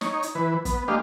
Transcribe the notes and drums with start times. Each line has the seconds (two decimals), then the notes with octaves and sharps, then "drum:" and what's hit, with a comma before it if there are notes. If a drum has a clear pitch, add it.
0.01 D#4 C#5, drum: snare
0.23 drum: hi-hat
0.35 E3 B4
0.65 B3, drum: kick, hi-hat
0.88 G#3 A#3 D4 G4 D#5 F5